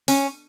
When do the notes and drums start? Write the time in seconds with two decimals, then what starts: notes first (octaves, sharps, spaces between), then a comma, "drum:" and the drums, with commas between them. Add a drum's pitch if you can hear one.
0.08 C#4, drum: open hi-hat